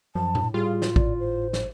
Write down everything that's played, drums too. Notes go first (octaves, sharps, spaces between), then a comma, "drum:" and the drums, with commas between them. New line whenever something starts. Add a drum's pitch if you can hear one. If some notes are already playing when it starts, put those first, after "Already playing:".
F#2 F3 A5
A2, drum: tom A#2
G3 F4 G#4
drum: snare
G#1 D5, drum: kick
C5
drum: snare